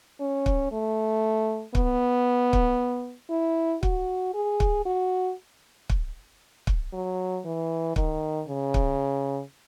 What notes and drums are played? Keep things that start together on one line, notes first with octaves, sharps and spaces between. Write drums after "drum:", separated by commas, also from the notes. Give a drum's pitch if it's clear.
C#4
drum: kick
A3
B3, drum: kick
drum: kick
E4
F#4, drum: kick
G#4
drum: kick
F#4
drum: kick
drum: kick
F#3
E3
D#3, drum: kick
C#3
drum: kick